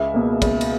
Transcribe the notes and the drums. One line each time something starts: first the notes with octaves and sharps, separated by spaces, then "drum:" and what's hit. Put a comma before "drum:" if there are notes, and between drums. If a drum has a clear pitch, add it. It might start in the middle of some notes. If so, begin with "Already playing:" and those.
Already playing: C#2 E5
B2 A#3
C#2, drum: kick, cymbal
drum: cymbal